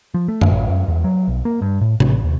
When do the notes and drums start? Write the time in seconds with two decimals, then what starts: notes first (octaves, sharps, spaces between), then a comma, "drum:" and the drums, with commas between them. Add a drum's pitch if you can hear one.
0.14 F3
0.28 A3
0.41 drum: tom F#2
0.51 A1
0.70 F#2
0.88 E2
1.04 F#3
1.28 B1
1.45 A#3
1.62 G2
1.81 A2
2.00 A1, drum: tom C3
2.24 D#2